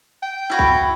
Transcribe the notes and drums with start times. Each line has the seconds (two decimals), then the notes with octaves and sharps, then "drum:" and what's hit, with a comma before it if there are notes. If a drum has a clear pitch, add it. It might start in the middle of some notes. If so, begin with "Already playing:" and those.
0.23 G5
0.50 E4 F#4 B4
0.59 drum: kick